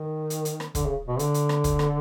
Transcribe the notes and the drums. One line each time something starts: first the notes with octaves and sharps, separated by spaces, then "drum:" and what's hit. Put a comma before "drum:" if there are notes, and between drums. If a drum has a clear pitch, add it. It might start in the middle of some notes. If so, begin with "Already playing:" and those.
Already playing: D#3
drum: hi-hat
drum: hi-hat
drum: rim click
D3, drum: kick, hi-hat
C#3
B2
D3, drum: hi-hat
drum: hi-hat
drum: rim click
drum: kick, hi-hat
drum: rim click